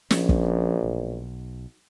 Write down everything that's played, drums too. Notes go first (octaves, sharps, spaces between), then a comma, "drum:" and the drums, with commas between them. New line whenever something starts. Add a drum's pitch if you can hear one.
A#1 F3 C#4, drum: snare
drum: kick
B1